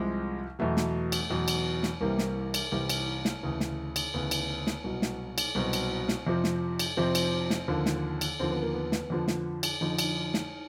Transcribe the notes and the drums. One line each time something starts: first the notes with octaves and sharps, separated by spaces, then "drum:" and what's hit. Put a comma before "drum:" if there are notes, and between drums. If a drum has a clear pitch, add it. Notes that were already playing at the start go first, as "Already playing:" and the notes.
Already playing: C2 C3 F3 G#3
E2 B2 F#3 A3
drum: snare
drum: cymbal
E2 B2 F#3
drum: cymbal
drum: snare
C2 C3 E3 G3 A#3
drum: snare
drum: cymbal
C2 C3 E3 G3
drum: cymbal
drum: snare
D2 C#3 E3
drum: snare
drum: cymbal
D2 C#3 E3 B3
drum: cymbal
drum: snare
C2 B2 F#3
drum: snare
drum: cymbal
C2 B2 F#3 C4
drum: cymbal
drum: snare
F2 C3 F3
drum: snare
drum: cymbal
F2 C3 F3 C4
drum: cymbal
drum: snare
D#2 D3 F3
drum: snare
drum: cymbal
D#2 D3 F3 C4
B3
A#3
B3
drum: snare
F2 D3 F3
drum: snare
drum: cymbal
F2 D3 F3 D#4
drum: cymbal
drum: snare